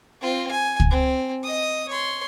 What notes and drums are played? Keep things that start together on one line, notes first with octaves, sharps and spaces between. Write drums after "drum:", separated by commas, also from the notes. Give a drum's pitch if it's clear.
C4 F4
G#5
drum: kick
C4
D#5 D#6
C#5 C6